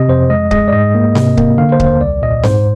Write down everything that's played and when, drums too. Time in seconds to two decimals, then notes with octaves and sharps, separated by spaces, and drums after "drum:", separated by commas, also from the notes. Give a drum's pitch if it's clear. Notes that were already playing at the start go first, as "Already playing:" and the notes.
Already playing: C3 D#5
0.09 F2 C5
0.30 G#3 D#5
0.51 G#3 D#5, drum: kick C#1
0.68 D5
0.72 G#2 D#5
0.95 A#3
1.15 C3, drum: snare C4
1.37 A#3, drum: kick C#1
1.58 D3 F5
1.72 C5
1.80 D#2, drum: kick C#1
1.87 C5
2.01 C2 D5
2.22 A#2 D#5
2.43 G#2 C5, drum: snare C4